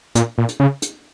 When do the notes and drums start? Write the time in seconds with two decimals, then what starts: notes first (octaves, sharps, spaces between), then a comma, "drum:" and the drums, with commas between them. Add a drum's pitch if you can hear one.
0.15 A#2, drum: hi-hat
0.38 A#2
0.49 drum: hi-hat
0.60 C#3
0.82 drum: hi-hat